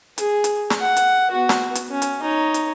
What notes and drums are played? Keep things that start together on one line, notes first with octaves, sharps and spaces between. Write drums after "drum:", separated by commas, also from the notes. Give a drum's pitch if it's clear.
G#4, drum: hi-hat
drum: hi-hat
drum: snare
F#5
drum: hi-hat
B3 F#4
drum: snare
drum: hi-hat
C#4
drum: hi-hat
D#4 C#5
drum: hi-hat